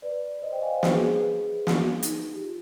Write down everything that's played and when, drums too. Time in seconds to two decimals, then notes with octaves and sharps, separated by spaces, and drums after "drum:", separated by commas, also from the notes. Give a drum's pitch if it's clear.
0.02 B4 D5
0.42 C5 D#5
0.52 D#5 G5
0.62 F5 G#5
0.73 C5
0.83 B4, drum: snare
0.92 G#4
1.02 G#4
1.12 B4
1.67 drum: snare
2.03 D#4, drum: hi-hat
2.34 G4
2.41 F4